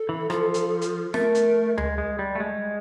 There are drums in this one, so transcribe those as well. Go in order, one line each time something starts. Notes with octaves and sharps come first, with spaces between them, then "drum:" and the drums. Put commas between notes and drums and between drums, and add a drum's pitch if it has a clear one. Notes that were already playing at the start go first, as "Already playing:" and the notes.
Already playing: A4
E3
F3, drum: rim click
drum: hi-hat
drum: hi-hat
A3 A#4, drum: snare
drum: hi-hat
G#3, drum: tom D2
G#3
G3
A3
G#3